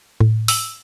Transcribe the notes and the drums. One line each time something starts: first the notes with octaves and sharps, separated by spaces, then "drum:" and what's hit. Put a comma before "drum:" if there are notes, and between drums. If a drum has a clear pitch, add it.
A2
E6, drum: open hi-hat